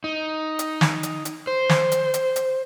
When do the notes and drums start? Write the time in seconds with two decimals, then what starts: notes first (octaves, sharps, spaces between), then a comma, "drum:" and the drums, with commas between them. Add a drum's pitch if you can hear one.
0.04 D#4
0.59 drum: hi-hat
0.81 drum: snare
1.03 drum: hi-hat
1.25 drum: hi-hat
1.47 C5
1.69 drum: snare
1.92 drum: hi-hat
2.14 drum: hi-hat
2.36 drum: hi-hat